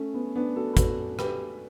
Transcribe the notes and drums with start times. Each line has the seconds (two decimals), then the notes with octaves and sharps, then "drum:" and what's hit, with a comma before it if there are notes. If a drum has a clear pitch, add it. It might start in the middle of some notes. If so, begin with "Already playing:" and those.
Already playing: A3 C#4
0.14 B3
0.35 B3 D4
0.56 F#4 A4
0.73 B4
0.77 F#4 A4, drum: kick, hi-hat
1.19 G4 B4, drum: rim click